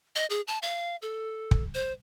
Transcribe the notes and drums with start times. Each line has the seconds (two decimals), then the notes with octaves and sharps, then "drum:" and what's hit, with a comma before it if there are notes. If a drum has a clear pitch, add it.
0.16 D#5
0.30 G#4
0.48 A5
0.62 F5
1.02 A4
1.51 drum: kick
1.74 C5